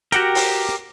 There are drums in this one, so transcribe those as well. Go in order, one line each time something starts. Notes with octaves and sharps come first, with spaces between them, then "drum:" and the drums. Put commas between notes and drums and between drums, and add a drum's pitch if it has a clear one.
F#4 G4 A#4 F#5 G5, drum: hi-hat
drum: open hi-hat